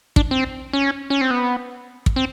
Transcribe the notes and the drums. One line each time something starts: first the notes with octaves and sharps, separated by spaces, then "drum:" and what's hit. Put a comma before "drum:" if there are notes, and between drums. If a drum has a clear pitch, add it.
D4, drum: kick
C4
C#4
C#4
C4
B3
drum: kick
C4